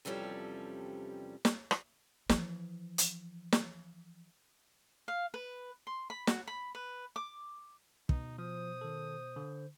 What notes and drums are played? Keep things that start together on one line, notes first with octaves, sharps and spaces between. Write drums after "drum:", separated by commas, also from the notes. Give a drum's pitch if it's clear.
E2 C3 F3 G3 C#4 A4
drum: snare
drum: rim click
E3 F3, drum: snare
drum: hi-hat
drum: snare
F5
B4
C6
B5
F#4, drum: snare
B5
B4
D6
B2 D#4, drum: kick
F3 C5 D#6
D#3 A4
D3